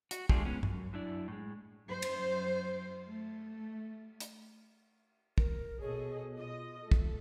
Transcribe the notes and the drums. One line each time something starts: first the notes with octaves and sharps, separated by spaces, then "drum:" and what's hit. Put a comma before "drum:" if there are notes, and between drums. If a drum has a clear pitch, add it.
F#4, drum: hi-hat
G#3 A3 D4 F4 G4 G#4, drum: kick
G#3 B3 C#4
F#2, drum: tom
F#2 D4 E4 D5
A2 G#3
F#2 C5
drum: cymbal
A3
drum: hi-hat
A#4, drum: kick
B2 G#4 A4 C#5 D#5
F4 D#5
A3 A4
drum: kick